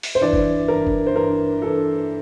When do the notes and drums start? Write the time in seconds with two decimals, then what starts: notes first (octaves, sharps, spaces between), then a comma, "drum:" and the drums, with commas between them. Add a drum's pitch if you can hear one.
0.03 drum: open hi-hat
0.15 C5
0.21 G2 E3 D5
0.33 drum: kick F#1
0.68 G2 E3 A#4
0.87 drum: kick F#1
1.07 C5
1.15 G2 E3 A#4
1.62 G2 E3 A4